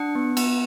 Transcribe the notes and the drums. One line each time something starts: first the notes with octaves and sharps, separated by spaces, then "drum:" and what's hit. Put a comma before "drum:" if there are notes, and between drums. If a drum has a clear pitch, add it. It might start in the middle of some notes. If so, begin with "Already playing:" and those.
Already playing: D4 F#5
B3
B3, drum: cymbal